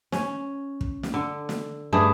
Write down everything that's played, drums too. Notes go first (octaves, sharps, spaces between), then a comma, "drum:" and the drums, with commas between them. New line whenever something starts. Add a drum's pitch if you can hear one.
C#4, drum: snare
drum: kick
drum: snare
D3
drum: snare
G2 A3 D4 G#4